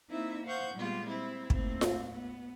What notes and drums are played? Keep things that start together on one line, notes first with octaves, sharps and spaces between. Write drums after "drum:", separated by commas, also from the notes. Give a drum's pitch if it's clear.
A#3 C4 D#4 E4 E5
C5 F5 F#5 C#6 D#6 G6
A#2 G3 G#3 B3 F4
C4 E4
D#2 A2 C4, drum: kick
drum: snare F4
B3